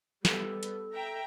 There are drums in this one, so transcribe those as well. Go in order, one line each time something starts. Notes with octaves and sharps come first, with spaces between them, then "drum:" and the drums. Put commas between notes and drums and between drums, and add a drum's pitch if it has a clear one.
G3 B3 A4, drum: snare
drum: hi-hat
E5 G5 A#5